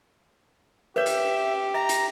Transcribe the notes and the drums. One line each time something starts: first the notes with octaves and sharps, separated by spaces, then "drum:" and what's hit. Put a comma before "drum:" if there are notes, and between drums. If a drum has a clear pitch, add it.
G4 B4 C#5 E5
drum: hi-hat
E5 A#5
drum: hi-hat